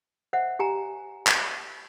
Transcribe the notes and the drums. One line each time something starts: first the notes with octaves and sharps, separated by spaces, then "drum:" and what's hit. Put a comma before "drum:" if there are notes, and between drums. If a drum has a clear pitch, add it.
C5 E5 F#5
G4 G#5 A#5
drum: clap